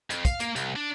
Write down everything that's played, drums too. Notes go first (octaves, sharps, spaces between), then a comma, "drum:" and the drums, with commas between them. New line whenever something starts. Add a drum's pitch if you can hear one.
F2, drum: hi-hat
F5, drum: kick, hi-hat
A#3, drum: hi-hat
C2, drum: hi-hat
D4